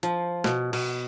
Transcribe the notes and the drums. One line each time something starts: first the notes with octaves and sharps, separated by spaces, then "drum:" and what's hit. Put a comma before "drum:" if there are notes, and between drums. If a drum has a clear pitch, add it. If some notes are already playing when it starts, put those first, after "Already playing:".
F3, drum: hi-hat
B2, drum: snare
B2, drum: cymbal